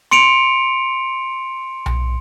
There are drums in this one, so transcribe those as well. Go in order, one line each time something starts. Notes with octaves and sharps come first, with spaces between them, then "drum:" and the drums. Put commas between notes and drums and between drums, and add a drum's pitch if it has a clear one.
C6 C#7 D7 F7, drum: snare
drum: tom B1